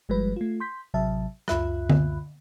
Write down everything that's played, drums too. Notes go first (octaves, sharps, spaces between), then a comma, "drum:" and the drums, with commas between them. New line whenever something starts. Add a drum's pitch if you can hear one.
G1 F3 G3 G#3 B4
A3 F4
C6 G6 B6
A1 C3 F#3 E5 A5
C#2 F#2 F4 E5 B5 F#6, drum: rim click
drum: tom D3